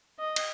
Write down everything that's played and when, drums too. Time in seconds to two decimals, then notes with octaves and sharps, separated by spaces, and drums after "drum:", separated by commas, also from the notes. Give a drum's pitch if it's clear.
0.19 D#5
0.36 drum: cymbal